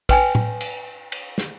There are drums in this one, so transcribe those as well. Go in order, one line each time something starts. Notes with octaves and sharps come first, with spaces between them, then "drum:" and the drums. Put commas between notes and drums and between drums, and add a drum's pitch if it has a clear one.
B4 G5 G#5, drum: kick, cymbal
drum: tom A2
drum: cymbal
drum: cymbal
drum: snare